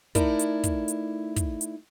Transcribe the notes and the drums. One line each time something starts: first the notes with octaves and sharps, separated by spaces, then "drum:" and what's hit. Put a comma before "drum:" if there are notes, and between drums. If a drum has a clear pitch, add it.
A3 D#4 E4 A#4 D5, drum: kick, hi-hat
drum: hi-hat
drum: kick, hi-hat
drum: hi-hat
drum: kick, hi-hat
drum: hi-hat